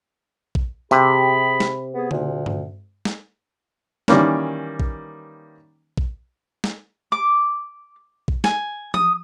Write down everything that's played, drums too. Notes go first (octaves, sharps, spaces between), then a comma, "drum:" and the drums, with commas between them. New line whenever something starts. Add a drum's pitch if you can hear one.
drum: kick A#1
C3 G4 G#4 B5, drum: tambourine
drum: snare
B3 G#4
D2 A#2 D3, drum: tom C#3
drum: tom G2
drum: snare
D#3 E3 G3 A#3 C#4, drum: snare
drum: kick A#1
drum: kick A#1
drum: snare
D6
drum: kick A#1
G#5, drum: snare
D#6, drum: tom F3